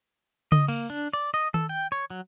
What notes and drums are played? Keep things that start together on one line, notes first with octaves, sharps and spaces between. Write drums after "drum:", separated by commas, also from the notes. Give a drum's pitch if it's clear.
D#5, drum: tom C#3
A#3, drum: cymbal
D4
D5
D#5
A4, drum: tom D#3
G5
C#5
F#3